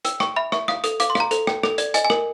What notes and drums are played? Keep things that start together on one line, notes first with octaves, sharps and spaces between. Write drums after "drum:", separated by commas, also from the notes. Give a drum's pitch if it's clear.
G5 E6, drum: hi-hat
G5 C#6, drum: rim click
E5 B5
E5 C#6, drum: rim click
F5 D#6, drum: rim click
A4 D#6, drum: hi-hat
F5 D6, drum: hi-hat
C6
F5 A#5, drum: rim click
A4, drum: hi-hat
G5, drum: rim click
A4, drum: rim click
D5, drum: hi-hat
D#5 G#5, drum: hi-hat
G#5
A#4, drum: rim click